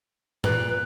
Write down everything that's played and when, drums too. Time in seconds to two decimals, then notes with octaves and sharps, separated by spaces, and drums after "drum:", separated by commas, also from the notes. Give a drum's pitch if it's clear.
0.44 A#2 B4, drum: tom G2